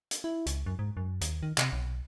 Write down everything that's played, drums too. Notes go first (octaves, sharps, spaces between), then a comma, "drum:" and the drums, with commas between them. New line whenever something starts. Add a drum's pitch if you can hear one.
drum: hi-hat
E4
C#2, drum: hi-hat
F#2
G#2
F#2
D#2, drum: hi-hat
D#3
C3, drum: clap
B1